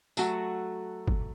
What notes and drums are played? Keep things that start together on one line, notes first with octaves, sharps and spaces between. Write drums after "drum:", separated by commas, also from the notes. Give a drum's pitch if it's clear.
F#3 A3 F#4, drum: tambourine
drum: kick